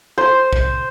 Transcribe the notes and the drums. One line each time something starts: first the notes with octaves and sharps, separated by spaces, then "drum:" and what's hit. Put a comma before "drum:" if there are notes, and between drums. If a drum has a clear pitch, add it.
C5
drum: kick